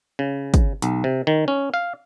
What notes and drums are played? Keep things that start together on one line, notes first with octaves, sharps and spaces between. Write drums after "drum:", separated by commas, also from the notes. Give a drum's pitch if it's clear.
C#3
drum: kick, hi-hat
B1, drum: hi-hat
C3
D#3
C#4
F5